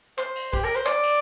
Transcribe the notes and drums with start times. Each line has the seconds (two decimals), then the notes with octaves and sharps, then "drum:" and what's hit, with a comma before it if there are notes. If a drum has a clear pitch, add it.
0.18 C5, drum: clap
0.35 drum: cymbal
0.53 G4, drum: kick, cymbal
0.64 A#4
0.75 C5
0.86 D5, drum: clap
1.03 drum: cymbal